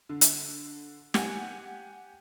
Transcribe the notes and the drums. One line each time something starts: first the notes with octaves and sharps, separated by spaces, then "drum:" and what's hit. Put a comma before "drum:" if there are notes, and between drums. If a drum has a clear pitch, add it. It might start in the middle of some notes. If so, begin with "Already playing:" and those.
D3
drum: hi-hat
G4 F#5 G#5, drum: snare